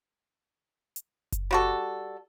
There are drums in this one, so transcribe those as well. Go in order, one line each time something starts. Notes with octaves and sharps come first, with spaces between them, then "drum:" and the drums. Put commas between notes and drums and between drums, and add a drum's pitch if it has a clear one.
drum: hi-hat
drum: kick F#1, hi-hat
G3 F#4 A4